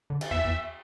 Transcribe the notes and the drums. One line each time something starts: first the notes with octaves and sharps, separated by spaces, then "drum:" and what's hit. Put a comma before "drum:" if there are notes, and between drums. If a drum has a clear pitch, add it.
D3
drum: cymbal
E2 E5
E2